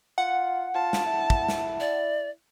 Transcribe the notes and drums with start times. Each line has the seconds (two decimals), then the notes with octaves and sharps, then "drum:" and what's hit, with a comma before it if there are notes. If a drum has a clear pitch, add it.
0.18 F4 F#5
0.75 F4 A5
0.93 drum: snare
1.06 E4
1.30 drum: kick
1.49 drum: snare
1.80 D5